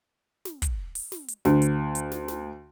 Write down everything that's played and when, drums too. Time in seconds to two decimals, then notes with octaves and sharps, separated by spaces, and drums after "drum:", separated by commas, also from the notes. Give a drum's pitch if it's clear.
0.45 drum: snare
0.62 drum: kick, hi-hat
0.95 drum: open hi-hat
1.12 drum: snare
1.28 drum: hi-hat
1.45 D2, drum: snare
1.62 drum: hi-hat
1.95 drum: hi-hat
2.12 drum: snare
2.28 drum: snare